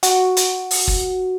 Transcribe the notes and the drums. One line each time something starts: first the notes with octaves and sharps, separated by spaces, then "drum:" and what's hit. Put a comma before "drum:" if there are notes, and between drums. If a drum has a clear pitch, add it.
F#4, drum: hi-hat
drum: hi-hat
drum: open hi-hat
drum: kick